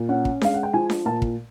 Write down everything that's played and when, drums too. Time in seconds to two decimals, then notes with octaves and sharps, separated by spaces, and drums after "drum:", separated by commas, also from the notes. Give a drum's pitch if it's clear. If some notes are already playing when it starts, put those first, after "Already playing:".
Already playing: A#2
0.09 C#4 F#5
0.25 drum: kick
0.41 G#3 F5, drum: snare D4
0.54 F#5
0.63 G5
0.73 F3 G#5
0.90 drum: snare D4
1.06 A#2 A5
1.22 drum: kick